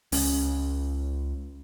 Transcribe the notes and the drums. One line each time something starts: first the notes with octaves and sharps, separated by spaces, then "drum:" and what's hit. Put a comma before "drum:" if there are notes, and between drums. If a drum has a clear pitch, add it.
C#2 C#3 C#4, drum: open hi-hat